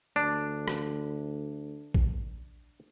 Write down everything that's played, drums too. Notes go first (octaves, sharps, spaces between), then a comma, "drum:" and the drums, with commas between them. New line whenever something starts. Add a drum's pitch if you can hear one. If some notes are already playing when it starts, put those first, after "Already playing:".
D2 D4
drum: rim click
drum: kick A#1